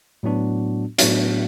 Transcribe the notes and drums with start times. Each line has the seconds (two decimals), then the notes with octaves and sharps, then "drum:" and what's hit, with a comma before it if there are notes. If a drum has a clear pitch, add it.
0.23 A2 F#3 B3 D4 F#4
0.99 A2 F#3 B3 D4 F#4, drum: hi-hat